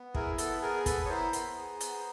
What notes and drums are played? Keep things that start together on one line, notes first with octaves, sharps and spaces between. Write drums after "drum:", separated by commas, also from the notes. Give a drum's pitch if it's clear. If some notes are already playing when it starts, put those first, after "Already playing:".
Already playing: B3
E4 G#4 A#4, drum: kick
B3 A4, drum: hi-hat
G#4 A#4
B3 A4 B4, drum: kick, hi-hat
C#5
E4 A#4 C5
B3, drum: hi-hat
G#4
B3, drum: hi-hat